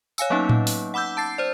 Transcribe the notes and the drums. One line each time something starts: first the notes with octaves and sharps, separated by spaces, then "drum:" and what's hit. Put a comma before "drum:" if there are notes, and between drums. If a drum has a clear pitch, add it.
C#5 F5 G#5 E6, drum: tambourine
F#3 A#3 B3 C#4 D#4
drum: tom A2
drum: open hi-hat
F#5 B5 D6 E6 G6
A5 A6 C7
C5 D5